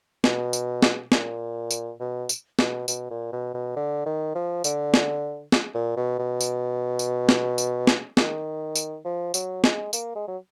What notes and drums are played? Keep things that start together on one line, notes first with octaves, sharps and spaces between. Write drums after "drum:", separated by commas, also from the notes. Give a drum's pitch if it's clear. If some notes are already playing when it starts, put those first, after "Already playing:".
B2, drum: snare
drum: tambourine
drum: snare
A#2, drum: snare
drum: tambourine
B2
drum: tambourine
B2, drum: snare
B2, drum: tambourine
A#2
B2
B2
D3
D#3
F3
D3, drum: tambourine
drum: snare
drum: snare
A#2
B2
B2
drum: tambourine
drum: tambourine
drum: snare
drum: tambourine
drum: snare
D#3, drum: snare
drum: tambourine
F3
F#3, drum: tambourine
G#3, drum: snare
A#3, drum: tambourine
G#3
F#3